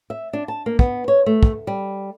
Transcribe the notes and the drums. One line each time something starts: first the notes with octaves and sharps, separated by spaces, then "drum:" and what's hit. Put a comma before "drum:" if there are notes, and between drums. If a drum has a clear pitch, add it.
E5
D4
A5
A#3
B3, drum: kick
C#5
A3
drum: kick
G3